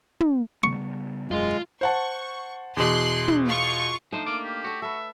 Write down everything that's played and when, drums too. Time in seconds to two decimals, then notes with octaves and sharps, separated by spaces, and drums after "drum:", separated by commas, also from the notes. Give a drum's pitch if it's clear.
0.20 drum: tom
0.64 C#3 G3 B3 C#6
1.31 E1 F#2 G#3 F4
1.81 C5 F#5 A5 C#6
2.77 E2 B2 C6 F#6
3.28 drum: tom
3.46 F4 C#6
4.12 F3 A3 D4 D#4 C5
4.26 A#3 F4 D6
4.44 G4
4.64 F#4 A4 C#5
4.82 A4 B4 E5